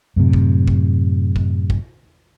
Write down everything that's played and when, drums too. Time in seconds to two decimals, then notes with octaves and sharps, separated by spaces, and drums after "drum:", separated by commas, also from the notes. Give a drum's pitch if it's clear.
0.16 F#2 A2 C3
0.33 drum: kick
0.68 drum: kick
1.36 drum: kick
1.70 drum: kick